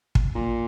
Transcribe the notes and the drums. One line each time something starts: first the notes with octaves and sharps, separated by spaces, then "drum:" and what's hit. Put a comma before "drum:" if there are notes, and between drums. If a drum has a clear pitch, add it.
drum: kick
A#2